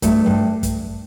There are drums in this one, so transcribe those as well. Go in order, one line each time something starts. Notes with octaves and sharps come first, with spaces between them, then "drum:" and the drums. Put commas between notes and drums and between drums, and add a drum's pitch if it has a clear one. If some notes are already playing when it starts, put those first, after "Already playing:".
G2 A3, drum: kick, hi-hat
G2
drum: kick, hi-hat